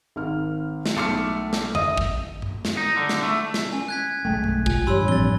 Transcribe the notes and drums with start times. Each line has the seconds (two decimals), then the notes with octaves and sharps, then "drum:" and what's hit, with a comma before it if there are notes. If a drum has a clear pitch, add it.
0.16 G#1 F6
0.86 drum: snare
0.96 B1 A3 C6 D6 F6 C#7
1.53 drum: snare
1.75 D#5 E5, drum: tom F2
1.98 drum: kick
2.42 drum: tom G2
2.65 drum: snare
2.77 D#4
2.96 D3
3.09 drum: snare
3.23 A3
3.54 drum: snare
3.72 C#4 G#5
3.88 F#6 G#6 B6
4.25 B1 G#3 A3 G5
4.44 drum: tom G2
4.66 F4 G#5, drum: kick
4.87 A1 G2 G4 C#5 B5 C6 E6
5.08 F3 C4 A6 G7, drum: tom G2